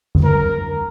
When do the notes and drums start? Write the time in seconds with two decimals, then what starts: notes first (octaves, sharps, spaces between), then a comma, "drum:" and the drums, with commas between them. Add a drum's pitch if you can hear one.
0.15 drum: tom F2
0.24 A#4